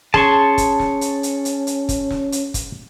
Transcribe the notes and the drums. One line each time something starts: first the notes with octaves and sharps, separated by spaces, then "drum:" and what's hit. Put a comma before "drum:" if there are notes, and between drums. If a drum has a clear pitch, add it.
C#4 G#4 A5 C6 C#6, drum: snare
drum: kick, hi-hat
drum: snare
drum: hi-hat
drum: hi-hat
drum: hi-hat
drum: hi-hat
drum: kick, hi-hat
drum: snare
drum: hi-hat
drum: kick, hi-hat